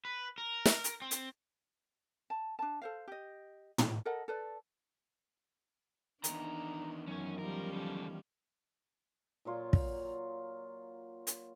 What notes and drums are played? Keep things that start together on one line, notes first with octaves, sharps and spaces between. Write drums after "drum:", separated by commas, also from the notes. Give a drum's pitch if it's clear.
B4
A#4
drum: snare
drum: hi-hat
C4
drum: hi-hat
A5
D4 A5
A4 C5 F5
G4 D#5
drum: tom
A4 A#4 D#5 F#5
A4 B4 D5
E2 D#3 D4 D#4 A#5, drum: hi-hat
F#2 F#3 C#4 D#4 C#5
F3 G3 C#4 A#4
C#3 A4
A#2 F#3 F4 C#5
drum: kick
drum: hi-hat